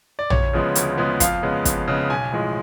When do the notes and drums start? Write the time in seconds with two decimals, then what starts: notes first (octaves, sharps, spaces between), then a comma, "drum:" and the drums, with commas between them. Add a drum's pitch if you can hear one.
0.19 D5
0.30 D2 C#5, drum: tom A#1
0.53 C#3 F3 G#3 B3
0.75 D2, drum: hi-hat
0.98 C#3 F3 G#3 B3
1.20 F2 F5, drum: kick, hi-hat
1.43 C#3 G#3 B3
1.65 F2, drum: kick, hi-hat
1.88 C#3 G#3 B3
2.10 B1 G#5
2.32 A2 F3 G#3